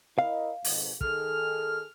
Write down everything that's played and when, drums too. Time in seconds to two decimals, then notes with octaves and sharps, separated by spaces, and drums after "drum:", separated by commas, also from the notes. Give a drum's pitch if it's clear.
0.19 E4 A#4 D#5 F5
0.65 F2 G#2 B2, drum: open hi-hat
1.01 D#3 G#4 A4 F6, drum: kick